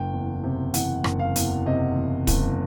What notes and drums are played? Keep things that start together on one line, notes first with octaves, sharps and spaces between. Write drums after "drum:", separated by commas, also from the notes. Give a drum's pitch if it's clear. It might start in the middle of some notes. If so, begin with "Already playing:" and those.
Already playing: F#1 G5
E2
C3
E3 F#5, drum: hi-hat
F#1, drum: rim click
F5
E2, drum: hi-hat
C3 D#5
E3
F#1, drum: kick, hi-hat